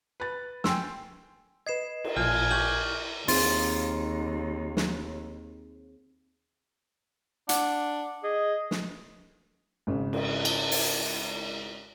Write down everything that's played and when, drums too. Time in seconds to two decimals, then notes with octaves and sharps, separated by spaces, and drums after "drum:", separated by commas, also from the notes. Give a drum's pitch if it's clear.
0.20 B4 A6
0.64 G5 G#5 C6 E6, drum: snare
1.67 B4 D#5 G#6 C7 E7
2.04 drum: cymbal
2.17 A1 A#2 F3 G#5 F6
2.51 G4 C#6 F#7
3.28 D#2 C4 F4 G#4, drum: open hi-hat
4.77 drum: snare
7.49 D4 F#5, drum: hi-hat
8.24 G#4 D#5
8.71 drum: snare
9.87 G#1 C#3
10.13 drum: cymbal
10.45 drum: cymbal
10.71 drum: open hi-hat